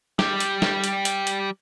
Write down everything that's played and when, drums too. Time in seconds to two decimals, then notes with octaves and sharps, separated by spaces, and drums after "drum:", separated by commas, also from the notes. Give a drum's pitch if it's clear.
0.19 G3 G4, drum: snare
0.40 drum: hi-hat
0.62 drum: snare
0.84 drum: hi-hat
1.05 drum: hi-hat
1.27 drum: hi-hat